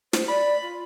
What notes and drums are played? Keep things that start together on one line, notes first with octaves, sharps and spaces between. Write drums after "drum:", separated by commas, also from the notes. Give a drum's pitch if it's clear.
C5, drum: snare
D5 B5
F4